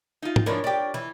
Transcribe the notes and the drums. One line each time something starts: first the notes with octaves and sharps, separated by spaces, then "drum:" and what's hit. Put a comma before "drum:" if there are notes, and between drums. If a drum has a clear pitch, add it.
D#4 F4
drum: tom G#2
E3 F3 D4 A#4 C#5
D4 G4
E3